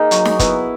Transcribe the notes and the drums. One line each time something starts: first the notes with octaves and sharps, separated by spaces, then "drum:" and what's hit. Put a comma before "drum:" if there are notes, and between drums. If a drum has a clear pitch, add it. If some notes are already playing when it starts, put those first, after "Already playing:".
Already playing: A#3 D#4 G#4
F#3, drum: hi-hat
drum: snare
B3 E4, drum: kick, hi-hat